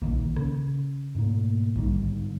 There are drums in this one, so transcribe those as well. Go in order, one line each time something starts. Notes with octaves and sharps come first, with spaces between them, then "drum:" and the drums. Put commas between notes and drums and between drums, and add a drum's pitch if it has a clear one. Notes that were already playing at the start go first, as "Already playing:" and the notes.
C#2 A#2 D#3 A#3, drum: kick A#1
C#3 C#4, drum: rim click
G#2 B2 A3 A#3
G1 G#2 D#3 G3, drum: kick A#1